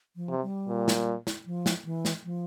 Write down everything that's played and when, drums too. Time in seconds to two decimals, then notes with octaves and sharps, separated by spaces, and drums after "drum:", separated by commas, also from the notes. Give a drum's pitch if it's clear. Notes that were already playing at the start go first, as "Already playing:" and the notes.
0.16 F3
0.29 C3
0.42 G3
0.68 A#2
0.88 drum: snare
1.27 drum: snare
1.46 F3
1.66 drum: snare
1.85 E3
2.05 drum: snare
2.25 F3